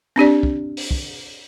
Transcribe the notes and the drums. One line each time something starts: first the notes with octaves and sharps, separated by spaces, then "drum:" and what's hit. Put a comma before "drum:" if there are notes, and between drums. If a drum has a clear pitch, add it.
C4 D4 G4 D5
drum: kick
drum: open hi-hat
drum: kick